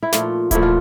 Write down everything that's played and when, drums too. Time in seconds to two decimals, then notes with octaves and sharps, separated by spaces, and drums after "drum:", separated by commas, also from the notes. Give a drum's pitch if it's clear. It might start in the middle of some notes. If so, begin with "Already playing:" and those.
0.03 E4
0.13 A#2 F3 A3 F4, drum: snare
0.51 A#2 F3 A3 E4, drum: kick D1, hi-hat
0.62 F4